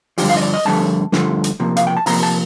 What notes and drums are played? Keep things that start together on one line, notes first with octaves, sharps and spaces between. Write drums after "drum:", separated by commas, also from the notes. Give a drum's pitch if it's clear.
G2 D3 F3 G4, drum: open hi-hat
F5
D#5
D5
D#5
G2 D3 F3 A3 A5
G2 D3 F3 A3, drum: snare
drum: hi-hat
C3 F3 A#3
F5, drum: hi-hat
G5
A5
C3 F3 A#3 A#5, drum: open hi-hat
A5